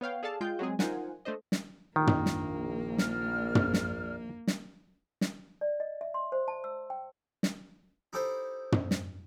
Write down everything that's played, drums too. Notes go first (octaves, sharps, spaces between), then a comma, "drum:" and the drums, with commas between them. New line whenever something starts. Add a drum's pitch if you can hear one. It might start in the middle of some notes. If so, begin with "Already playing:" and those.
B3 C#5 F5 G5
G#4 A4 D5 F5 A5
G#3 F4 G5 G6
F#3 G#3 C4 G#4
D#4 F4 A#4 C5 F#5 G#5, drum: snare
A3 D4 C5 D#5
drum: snare
A#1 D#3 A#3
drum: tom
drum: snare
D5 F6, drum: snare
drum: tom
drum: snare
drum: snare
drum: snare
D5
D#5
E5
C6
C5
A5
E6
G5
drum: snare
D#4 E4 G4 A4 C5
drum: tom
drum: snare